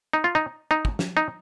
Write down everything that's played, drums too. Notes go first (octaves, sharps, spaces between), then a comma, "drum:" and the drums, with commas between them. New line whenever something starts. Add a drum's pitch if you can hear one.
D#4
F4
D#4
D#4
drum: kick
drum: snare
D#4